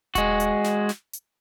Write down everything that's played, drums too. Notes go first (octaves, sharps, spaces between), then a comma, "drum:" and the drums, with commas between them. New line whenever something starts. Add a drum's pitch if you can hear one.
G#3 F#4, drum: kick D#1, hi-hat
drum: hi-hat
drum: snare
drum: snare
drum: hi-hat